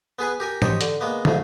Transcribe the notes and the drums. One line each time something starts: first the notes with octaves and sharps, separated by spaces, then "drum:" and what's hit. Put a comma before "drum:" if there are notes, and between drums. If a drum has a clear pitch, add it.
B3 G#4 B4 G#5
G4 A#4 G#5
G4 C5 C#5 D#5, drum: tom
D3, drum: hi-hat
G#3 A#3 B3
F2 G#2 C#3 A3, drum: tom